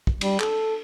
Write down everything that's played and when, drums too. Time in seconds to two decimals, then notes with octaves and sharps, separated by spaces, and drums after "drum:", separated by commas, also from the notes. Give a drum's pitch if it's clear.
0.07 drum: kick
0.21 G3, drum: cymbal
0.40 A4, drum: clap